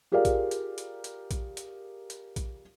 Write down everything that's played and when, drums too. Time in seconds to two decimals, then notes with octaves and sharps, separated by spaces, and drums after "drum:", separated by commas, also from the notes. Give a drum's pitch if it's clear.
0.12 F4 G4 G#4 A#4 D5 F5
0.25 drum: kick A#1, hi-hat
0.51 drum: hi-hat
0.78 drum: hi-hat
1.04 drum: hi-hat
1.31 drum: kick A#1, hi-hat
1.57 drum: hi-hat
2.10 drum: hi-hat
2.36 drum: kick A#1, hi-hat